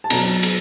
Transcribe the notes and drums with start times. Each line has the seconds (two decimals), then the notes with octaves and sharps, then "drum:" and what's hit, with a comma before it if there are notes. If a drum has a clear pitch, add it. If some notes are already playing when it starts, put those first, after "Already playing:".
0.04 A5
0.10 B2 F#3 B3 A#5, drum: cymbal
0.43 drum: cymbal